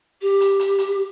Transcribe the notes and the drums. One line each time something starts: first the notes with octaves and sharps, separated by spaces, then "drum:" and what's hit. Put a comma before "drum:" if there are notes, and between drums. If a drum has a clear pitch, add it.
G4
drum: hi-hat
drum: hi-hat
drum: hi-hat